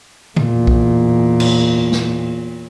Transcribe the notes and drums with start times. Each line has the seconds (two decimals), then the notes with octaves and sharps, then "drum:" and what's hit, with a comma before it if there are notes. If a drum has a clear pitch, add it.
0.36 E2 A#2, drum: tom
0.67 drum: kick B1
1.40 drum: cymbal
1.92 drum: snare